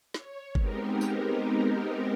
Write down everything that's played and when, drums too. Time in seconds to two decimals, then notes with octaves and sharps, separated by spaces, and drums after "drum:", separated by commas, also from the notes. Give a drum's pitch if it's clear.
0.14 C#5, drum: snare
0.55 G#3 B3 C4 D#4 G4 A#4, drum: kick G1
1.01 drum: tambourine